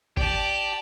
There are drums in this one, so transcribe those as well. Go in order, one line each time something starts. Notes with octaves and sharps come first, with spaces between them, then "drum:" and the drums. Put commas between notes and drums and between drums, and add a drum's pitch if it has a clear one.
G4 D5 A5, drum: kick